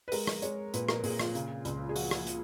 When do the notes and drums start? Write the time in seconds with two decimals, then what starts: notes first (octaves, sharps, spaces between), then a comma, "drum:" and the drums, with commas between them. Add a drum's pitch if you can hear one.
0.08 B4
0.12 G#3 A#4, drum: open hi-hat
0.27 drum: rim click
0.42 G#3 C#5, drum: hi-hat
0.74 A#2 B4, drum: hi-hat
0.89 A#4, drum: rim click
1.04 A#2 G#4, drum: open hi-hat
1.19 F4, drum: rim click
1.35 C#3, drum: hi-hat
1.65 C#2, drum: hi-hat
1.89 G#4
1.96 F3 F#4, drum: open hi-hat
2.11 drum: rim click
2.27 drum: hi-hat